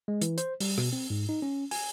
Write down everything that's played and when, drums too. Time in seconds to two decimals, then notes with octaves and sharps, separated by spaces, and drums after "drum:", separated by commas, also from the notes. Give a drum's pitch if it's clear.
0.08 G#3
0.22 E3, drum: hi-hat
0.38 C5, drum: hi-hat
0.60 G3, drum: open hi-hat
0.78 B2, drum: rim click
0.93 C4
1.10 G#2
1.29 D#4
1.42 C#4
1.71 G#5, drum: open hi-hat